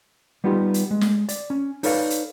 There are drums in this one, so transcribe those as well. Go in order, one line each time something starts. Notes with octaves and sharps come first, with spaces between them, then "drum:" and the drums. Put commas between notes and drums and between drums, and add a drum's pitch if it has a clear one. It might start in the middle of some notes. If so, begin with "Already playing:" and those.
G3 B3 D#4 F4 G4
drum: hi-hat
G#3
drum: snare
D5, drum: hi-hat
C#4
D#4 A4 B4 C#5 D5 F5, drum: open hi-hat
drum: hi-hat